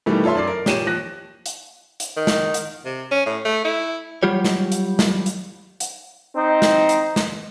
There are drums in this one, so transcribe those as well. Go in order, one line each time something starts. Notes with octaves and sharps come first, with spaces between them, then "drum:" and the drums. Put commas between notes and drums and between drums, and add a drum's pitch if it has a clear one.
B2 D#3 E3 G3 A3 B3
F4 A4 C#5 E5 C6
F#2 D5 C7
A#4
A#2 G4 C#5 D#7 E7, drum: snare
F3 F#6 A#6
drum: hi-hat
drum: hi-hat
D#3
drum: snare
drum: hi-hat
C3
C#4
A2
A3
E4
F#3 G3 F4 G4 C#5
drum: snare
drum: hi-hat
drum: snare
drum: hi-hat
drum: hi-hat
C4 D#4
drum: snare
drum: hi-hat
drum: snare